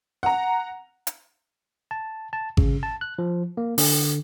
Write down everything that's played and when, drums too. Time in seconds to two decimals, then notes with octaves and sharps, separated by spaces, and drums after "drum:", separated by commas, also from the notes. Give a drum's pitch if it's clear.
0.23 F#5 A#5
1.07 drum: hi-hat
1.91 A5
2.33 A5
2.57 C#3, drum: kick G#1
2.83 A5
3.01 F#6
3.19 F3
3.57 A#3
3.78 D3, drum: open hi-hat